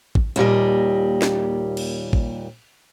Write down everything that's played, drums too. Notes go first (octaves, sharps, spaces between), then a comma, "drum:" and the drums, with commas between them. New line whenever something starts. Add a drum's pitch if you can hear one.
drum: kick
D#2 A#2 G3 D#5, drum: hi-hat
drum: snare
drum: cymbal
drum: kick